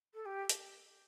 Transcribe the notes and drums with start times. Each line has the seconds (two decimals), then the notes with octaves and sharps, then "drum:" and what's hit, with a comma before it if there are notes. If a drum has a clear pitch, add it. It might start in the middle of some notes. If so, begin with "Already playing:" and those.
0.14 A4
0.25 G4
0.49 drum: hi-hat